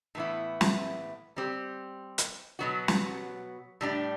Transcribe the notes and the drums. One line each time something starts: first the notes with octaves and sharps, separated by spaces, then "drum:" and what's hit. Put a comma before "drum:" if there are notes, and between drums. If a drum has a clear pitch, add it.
A2 E3 B3 E4
drum: snare
G3 C4 G4
drum: hi-hat
B2 F#3 B3 F#4
drum: snare
A2 G3 D4